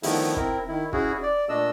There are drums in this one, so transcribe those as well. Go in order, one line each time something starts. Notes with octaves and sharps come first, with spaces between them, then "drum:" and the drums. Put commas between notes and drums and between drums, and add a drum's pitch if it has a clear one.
D3 D#3 F3 A3 B3 E4, drum: open hi-hat
C4 E4 A#4, drum: kick
D#3 E4
C#4 E4 F#4 G#4, drum: kick
D5
A#2 A3 D4 D#5 E6